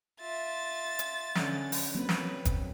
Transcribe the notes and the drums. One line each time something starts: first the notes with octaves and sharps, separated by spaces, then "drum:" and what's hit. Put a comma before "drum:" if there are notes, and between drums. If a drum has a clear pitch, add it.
F4 E5 A6
drum: hi-hat
D3 C#4, drum: snare
drum: open hi-hat
F#3 A#3 C4 B4
drum: snare
drum: kick, hi-hat